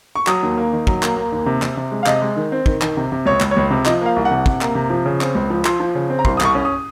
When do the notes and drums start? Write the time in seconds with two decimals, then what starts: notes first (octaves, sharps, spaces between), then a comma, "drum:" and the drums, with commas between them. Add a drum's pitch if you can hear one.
0.16 C#6
0.27 F#3 D#6, drum: clap
0.43 D#2
0.58 A#3
0.73 D#3
0.87 F#3, drum: kick
1.03 A#3, drum: clap
1.17 A#3
1.32 D#2
1.46 C3
1.62 C3, drum: clap
1.77 C3
1.92 G#3
2.03 F5
2.06 C3 D#5, drum: clap
2.22 G#3
2.36 D#3
2.52 C4
2.66 D#3, drum: kick
2.82 D#3, drum: clap
2.97 C3
3.12 C3
3.26 C#2 C#5
3.41 C#2, drum: clap
3.51 C#5
3.57 C#2
3.71 C3
3.85 F3 D#5, drum: clap
4.02 A#3 F5
4.16 C2
4.25 F#5
4.31 C3
4.46 C3, drum: kick
4.61 A#3, drum: clap
4.75 C3
4.90 F3
5.06 C#3
5.21 C4, drum: clap
5.35 C#2
5.50 F3
5.65 F3 C6, drum: clap
5.80 F3
5.95 C#3
6.10 C4
6.19 A#5
6.25 C2 C6, drum: kick
6.37 D#6
6.40 C2 C#6, drum: clap
6.55 C#4
6.65 D#6